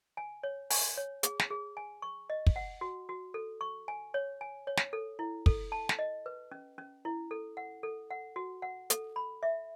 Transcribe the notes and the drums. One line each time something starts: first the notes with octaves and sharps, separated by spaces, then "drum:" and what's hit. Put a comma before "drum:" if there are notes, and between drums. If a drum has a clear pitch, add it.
G#5
C#5
G#5, drum: open hi-hat
C#5
G#4, drum: hi-hat
drum: snare
G#4
G#5
C#6
D#5
drum: kick
F#5
F#4
F#4
A4
C#6
G#5
C#5
G#5
C#5
drum: snare
A4
E4
A4, drum: kick
A5
drum: snare
D#5
B4
C#4
C#4
E4
A4
F#5
A4
F#5
F#4
F#5
A4, drum: hi-hat
B5
E5